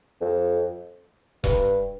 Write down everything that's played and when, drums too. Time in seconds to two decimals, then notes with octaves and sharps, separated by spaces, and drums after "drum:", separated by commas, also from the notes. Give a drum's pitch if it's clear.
0.21 F2
1.44 G2, drum: kick E1